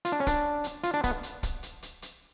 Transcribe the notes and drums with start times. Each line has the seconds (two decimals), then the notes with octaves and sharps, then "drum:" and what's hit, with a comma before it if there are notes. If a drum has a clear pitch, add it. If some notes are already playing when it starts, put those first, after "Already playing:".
0.05 F4, drum: hi-hat
0.12 D4
0.20 C#4
0.27 D4, drum: kick, hi-hat
0.64 drum: hi-hat
0.84 F4, drum: hi-hat
0.94 D4
1.04 B3, drum: kick, hi-hat
1.23 drum: hi-hat
1.43 drum: kick, hi-hat
1.63 drum: hi-hat
1.83 drum: hi-hat
2.02 drum: hi-hat